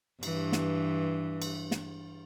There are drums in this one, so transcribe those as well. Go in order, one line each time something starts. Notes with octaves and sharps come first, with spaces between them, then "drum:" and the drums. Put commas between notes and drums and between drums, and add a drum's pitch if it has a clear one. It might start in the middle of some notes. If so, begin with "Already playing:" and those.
G2 E3, drum: cymbal
drum: snare
drum: cymbal
drum: snare